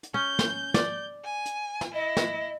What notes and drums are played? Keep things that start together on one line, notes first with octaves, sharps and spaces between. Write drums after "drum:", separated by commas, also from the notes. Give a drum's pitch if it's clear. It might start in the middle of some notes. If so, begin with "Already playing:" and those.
drum: hi-hat
C#4 G6
drum: snare
D5, drum: snare
G#5
drum: hi-hat
drum: snare
E4 D#5
drum: snare